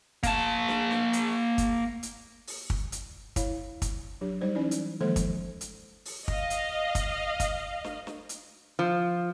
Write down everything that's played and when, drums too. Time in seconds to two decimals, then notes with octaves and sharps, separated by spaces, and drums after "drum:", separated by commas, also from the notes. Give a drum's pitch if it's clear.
0.23 A#3 A5, drum: kick, hi-hat
0.68 drum: snare
0.91 drum: snare
1.13 drum: hi-hat
1.58 drum: kick, hi-hat
2.03 drum: hi-hat
2.47 drum: open hi-hat
2.70 drum: kick
2.92 drum: hi-hat
3.36 E4 C#5 F5, drum: kick, hi-hat
3.82 drum: kick, hi-hat
4.21 F#3 D4 G4
4.41 G3 D#4 C5 D5
4.55 E3 C#4 D#4 E4 D5
4.71 drum: hi-hat
5.01 D#3 F3 G#3 A#3 A4 C5
5.16 drum: kick, hi-hat
5.61 drum: hi-hat
6.05 drum: open hi-hat
6.28 D#5 F5, drum: kick
6.50 drum: hi-hat
6.95 drum: kick, hi-hat
7.40 drum: kick, hi-hat
7.84 drum: snare
8.07 drum: snare
8.29 drum: hi-hat
8.79 F3